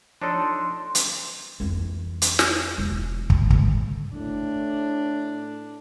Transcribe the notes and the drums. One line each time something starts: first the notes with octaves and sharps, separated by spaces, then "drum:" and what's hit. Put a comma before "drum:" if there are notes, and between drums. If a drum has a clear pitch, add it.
F3 D4 D#4 A4 C#5 C6
drum: hi-hat
F2 E3
drum: hi-hat
drum: snare
E1
drum: kick
D3 G#3, drum: kick
A2 D4